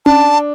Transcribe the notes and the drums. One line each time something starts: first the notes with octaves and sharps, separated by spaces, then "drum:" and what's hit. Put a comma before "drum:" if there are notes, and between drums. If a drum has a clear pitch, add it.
D4 A5, drum: tom C#4